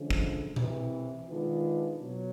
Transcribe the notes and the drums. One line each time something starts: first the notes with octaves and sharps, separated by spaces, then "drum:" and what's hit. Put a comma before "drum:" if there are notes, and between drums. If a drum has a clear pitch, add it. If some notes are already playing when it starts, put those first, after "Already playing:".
Already playing: D3 F3 G#3 C#4
drum: kick
C2 C3 E3, drum: tom A#2
D#3 G#3 B3 D4 F4
B2 F#3